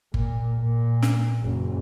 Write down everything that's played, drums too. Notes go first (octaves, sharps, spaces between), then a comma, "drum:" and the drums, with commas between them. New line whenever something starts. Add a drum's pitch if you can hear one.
A#2, drum: kick G1
A#2
drum: snare
F#1